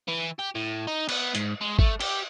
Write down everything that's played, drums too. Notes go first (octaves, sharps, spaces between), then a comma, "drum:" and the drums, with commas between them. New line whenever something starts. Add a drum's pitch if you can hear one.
E3
G4
A2
D#4
B3, drum: cymbal
G#2, drum: hi-hat
G#3
A3, drum: kick
G4, drum: cymbal